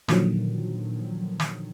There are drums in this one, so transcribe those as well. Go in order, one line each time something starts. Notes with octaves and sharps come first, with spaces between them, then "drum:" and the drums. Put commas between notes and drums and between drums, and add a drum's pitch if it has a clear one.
A#2 D3 D#3 F3 F#3, drum: snare
drum: snare